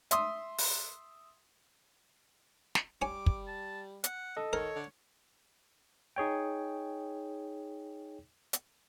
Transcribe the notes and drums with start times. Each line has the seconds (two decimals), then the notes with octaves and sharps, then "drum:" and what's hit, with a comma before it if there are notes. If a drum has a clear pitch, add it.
0.11 E5 C6 D#6, drum: hi-hat
0.58 drum: open hi-hat
2.75 drum: snare
3.02 G3 C#5 G#5 D6
3.26 drum: kick
3.47 A5
4.04 F#5, drum: hi-hat
4.37 A4 D#5
4.53 D#3 A#4 C#5
4.75 D3
6.16 D#4 G#4 C#5 G5
8.53 drum: hi-hat